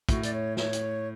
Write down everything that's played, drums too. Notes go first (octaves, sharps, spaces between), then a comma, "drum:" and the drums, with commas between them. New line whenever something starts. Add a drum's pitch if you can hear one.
A2 F#4, drum: kick, hi-hat
D5, drum: hi-hat
C#5
C#5, drum: snare
drum: hi-hat